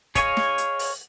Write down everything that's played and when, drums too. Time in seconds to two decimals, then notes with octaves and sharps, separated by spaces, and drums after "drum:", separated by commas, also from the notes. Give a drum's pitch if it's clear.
0.15 G#4 C#5 D#5 F5 G#5, drum: kick, hi-hat
0.37 drum: snare
0.58 drum: hi-hat
0.79 drum: open hi-hat